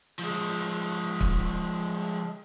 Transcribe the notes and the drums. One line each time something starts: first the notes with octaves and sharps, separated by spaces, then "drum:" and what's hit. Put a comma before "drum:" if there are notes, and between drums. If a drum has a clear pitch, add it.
F3 G#3
drum: kick